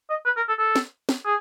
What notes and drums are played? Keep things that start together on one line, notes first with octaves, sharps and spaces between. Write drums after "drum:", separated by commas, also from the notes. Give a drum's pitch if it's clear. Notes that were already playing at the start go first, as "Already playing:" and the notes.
D#5
B4
A#4
A4
A4
drum: snare
drum: snare
G#4